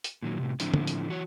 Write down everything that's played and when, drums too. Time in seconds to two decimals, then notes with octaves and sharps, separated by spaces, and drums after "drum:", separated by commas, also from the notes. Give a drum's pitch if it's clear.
0.04 drum: hi-hat
0.22 A#2 D#3 F#3
0.39 A2 C3
0.60 A2 D3 F3 C4 D4 E4, drum: hi-hat
0.74 drum: tom
0.87 drum: hi-hat
1.08 E3 F#4 C#5